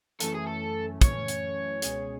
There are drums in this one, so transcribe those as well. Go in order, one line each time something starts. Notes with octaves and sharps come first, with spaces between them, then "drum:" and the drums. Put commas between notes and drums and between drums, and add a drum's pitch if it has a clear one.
F#2 E3 A3 C#4 A4, drum: hi-hat
G#4
A4
F#2 E3 A3 C#4 C#5, drum: kick, hi-hat
drum: hi-hat
C#2 B2 G#3 C#4 G#4, drum: hi-hat